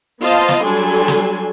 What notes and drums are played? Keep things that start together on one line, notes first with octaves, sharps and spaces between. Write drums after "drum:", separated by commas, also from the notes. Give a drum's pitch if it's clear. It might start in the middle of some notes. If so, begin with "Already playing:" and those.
B3 F4 C5 D#5 F5 A5
drum: snare
F#3 G3 D4 A4 G#5 C6
drum: snare